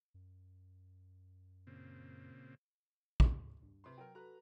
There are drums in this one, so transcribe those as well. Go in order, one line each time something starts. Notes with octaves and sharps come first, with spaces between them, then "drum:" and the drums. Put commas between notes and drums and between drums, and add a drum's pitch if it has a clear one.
F#2
A#2 C#3 C4
drum: kick
G2
C3 B4 C6
F#3 A#4 G5
F#4 A4 B4 A#5 F#6